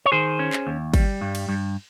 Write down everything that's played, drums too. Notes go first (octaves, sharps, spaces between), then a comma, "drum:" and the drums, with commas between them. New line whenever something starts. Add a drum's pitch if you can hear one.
C#5
D#3 G#4 C5
C#4
drum: clap
D#2
G3, drum: kick, cymbal
G2
drum: cymbal
G2